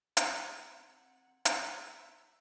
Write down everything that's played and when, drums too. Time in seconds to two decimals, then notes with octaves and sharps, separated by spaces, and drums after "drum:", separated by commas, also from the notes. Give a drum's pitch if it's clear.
0.17 G#6, drum: hi-hat
0.58 C4 F5 F#5 A#5 G#6
1.45 drum: hi-hat
1.64 A#4 E5
1.94 F5 A#5 B5